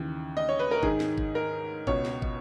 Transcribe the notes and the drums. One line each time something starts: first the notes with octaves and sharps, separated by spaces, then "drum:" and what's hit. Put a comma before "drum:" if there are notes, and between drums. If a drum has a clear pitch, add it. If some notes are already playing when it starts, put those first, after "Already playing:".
Already playing: D#2 C#3 E3
D#5
C#5
B4
A#4
G#2 D#3 G#4, drum: kick
drum: snare
drum: kick
A#4
C#2 B2 C#5, drum: kick
drum: snare
drum: kick